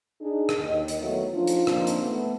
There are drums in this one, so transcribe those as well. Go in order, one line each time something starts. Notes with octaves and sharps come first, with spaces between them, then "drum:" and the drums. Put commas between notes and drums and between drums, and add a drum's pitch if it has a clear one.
D4 D#4 G#4
drum: rim click
D#2 D#5
drum: hi-hat
D#3 F#3 A3 B3 E4 C#5
F3 D4 D#4 F4
drum: hi-hat
F3 A#3 C4 D4 D#4 F4, drum: rim click
drum: hi-hat
A3 B3